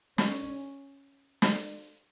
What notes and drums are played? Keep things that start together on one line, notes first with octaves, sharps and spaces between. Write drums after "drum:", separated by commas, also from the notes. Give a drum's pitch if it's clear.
C#4, drum: snare
drum: snare